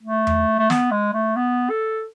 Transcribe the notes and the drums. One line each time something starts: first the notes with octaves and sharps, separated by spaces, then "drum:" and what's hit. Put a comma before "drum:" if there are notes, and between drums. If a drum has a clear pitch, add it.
A3
drum: tom E2
A3
B3, drum: snare
G#3
A3
B3
A4